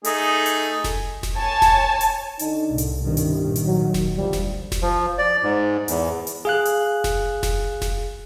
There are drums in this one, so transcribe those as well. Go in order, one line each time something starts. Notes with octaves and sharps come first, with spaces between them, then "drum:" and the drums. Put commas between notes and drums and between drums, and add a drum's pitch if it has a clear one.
A3 D#4 G#4, drum: hi-hat
drum: hi-hat
drum: snare F1
drum: snare F1
C#5 G#5 A5
drum: snare F1
drum: hi-hat
D3 D#4, drum: hi-hat
C2 A2
drum: hi-hat
C2 G2 B2 D#3
drum: hi-hat
A#2 D#3
drum: hi-hat
F#3
drum: snare F1
D2 F3 G3
drum: snare F1
drum: snare F1
F3
D5
G#2
E2, drum: hi-hat
drum: hi-hat
G#4 F5 F#6
drum: hi-hat
drum: snare F1
drum: snare F1
drum: snare F1